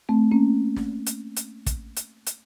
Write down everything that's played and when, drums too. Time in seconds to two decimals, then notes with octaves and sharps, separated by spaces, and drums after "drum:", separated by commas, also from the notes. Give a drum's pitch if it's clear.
0.09 A3 C4
0.32 A#3 C#4
0.76 drum: snare
1.06 drum: hi-hat
1.36 drum: hi-hat
1.66 drum: kick, hi-hat
1.96 drum: hi-hat
2.26 drum: hi-hat